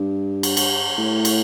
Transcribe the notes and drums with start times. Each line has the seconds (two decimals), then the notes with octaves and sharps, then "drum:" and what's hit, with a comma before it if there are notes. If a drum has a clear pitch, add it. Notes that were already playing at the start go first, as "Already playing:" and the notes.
Already playing: G2
0.43 drum: cymbal
0.57 drum: cymbal
0.98 A2
1.25 drum: cymbal